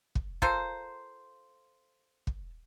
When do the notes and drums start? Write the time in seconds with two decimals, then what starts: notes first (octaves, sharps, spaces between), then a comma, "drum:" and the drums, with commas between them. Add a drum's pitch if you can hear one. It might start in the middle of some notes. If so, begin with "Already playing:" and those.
0.15 drum: kick
0.42 F4 A4 A#4 C5, drum: kick
2.27 drum: kick